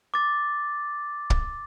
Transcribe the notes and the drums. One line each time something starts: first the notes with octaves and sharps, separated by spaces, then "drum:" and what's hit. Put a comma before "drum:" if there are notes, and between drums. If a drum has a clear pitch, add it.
D6 A6
drum: kick